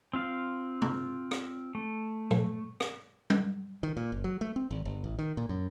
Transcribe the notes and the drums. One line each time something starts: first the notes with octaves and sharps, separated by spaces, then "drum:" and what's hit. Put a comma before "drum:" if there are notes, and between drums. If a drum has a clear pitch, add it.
C4 F4 F5
drum: tom C3
drum: rim click
A3
drum: tom A#2
drum: rim click
drum: tom G3
D#3
A#2
F#1
F#3
A3
C4
G#1
G1
A1
D#3
A#2
F#2